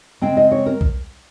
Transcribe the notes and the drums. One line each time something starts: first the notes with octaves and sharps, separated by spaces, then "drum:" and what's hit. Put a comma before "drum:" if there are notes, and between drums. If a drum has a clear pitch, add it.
C#3 G#3 C4 G5
D#5
C#5
A#4
drum: kick B1